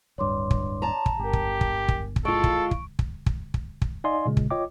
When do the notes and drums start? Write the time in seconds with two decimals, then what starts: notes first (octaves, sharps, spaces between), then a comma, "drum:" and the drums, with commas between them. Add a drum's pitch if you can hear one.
0.18 D1 G2 C#5 C6 D6
0.51 drum: kick
0.82 A5 A#5
1.06 drum: kick
1.19 G1 G4 A#4 G#5
1.33 drum: kick
1.61 drum: kick
1.88 drum: kick
2.16 drum: kick
2.25 G#3 F4 A4 C#6 D7
2.44 drum: kick
2.71 drum: kick
2.99 drum: kick
3.26 drum: kick
3.54 drum: kick
3.82 drum: kick
4.04 D#4 D5 D#5 F5 G#5 C6
4.25 A#2 C#3 G#3
4.37 drum: kick
4.51 F4 C#5 D#5 G5 D6